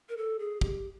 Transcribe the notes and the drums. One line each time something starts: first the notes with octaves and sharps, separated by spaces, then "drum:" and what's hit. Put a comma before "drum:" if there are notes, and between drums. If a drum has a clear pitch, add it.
A#4
A4
G#4
G4, drum: kick